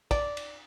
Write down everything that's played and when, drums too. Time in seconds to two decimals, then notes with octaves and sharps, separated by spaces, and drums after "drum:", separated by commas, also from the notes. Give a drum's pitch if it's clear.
0.11 D5, drum: kick, cymbal
0.37 drum: cymbal